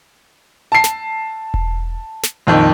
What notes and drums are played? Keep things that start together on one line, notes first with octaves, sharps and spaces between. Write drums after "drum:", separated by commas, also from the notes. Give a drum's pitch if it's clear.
A5 C7
drum: snare
drum: kick E1
drum: snare
A#1 F2 D#3